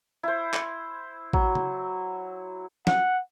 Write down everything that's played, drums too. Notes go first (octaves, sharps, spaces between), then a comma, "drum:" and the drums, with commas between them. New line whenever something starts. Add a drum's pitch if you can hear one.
E4 C5
drum: clap
F#3, drum: kick
drum: tom C#3
F#5, drum: snare